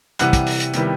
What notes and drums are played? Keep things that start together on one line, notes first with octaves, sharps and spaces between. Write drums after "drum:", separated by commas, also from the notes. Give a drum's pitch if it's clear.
C3 E3 G3 F#5 F#6, drum: hi-hat
drum: kick, hi-hat
drum: open hi-hat
drum: hi-hat
C3 D#3 G3 B3 E4, drum: hi-hat